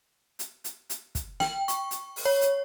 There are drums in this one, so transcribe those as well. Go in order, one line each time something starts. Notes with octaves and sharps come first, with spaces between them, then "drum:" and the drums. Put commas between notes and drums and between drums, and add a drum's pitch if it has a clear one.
drum: hi-hat
drum: hi-hat
drum: hi-hat
drum: kick, hi-hat
G5, drum: snare
C#6, drum: hi-hat
drum: hi-hat
drum: open hi-hat
C#5
drum: hi-hat